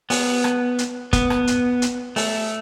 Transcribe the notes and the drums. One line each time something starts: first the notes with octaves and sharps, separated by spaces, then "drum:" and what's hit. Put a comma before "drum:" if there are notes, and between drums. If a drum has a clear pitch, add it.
B3, drum: open hi-hat
drum: rim click
drum: hi-hat
B3, drum: kick, hi-hat
drum: rim click
drum: hi-hat
drum: hi-hat
A3, drum: open hi-hat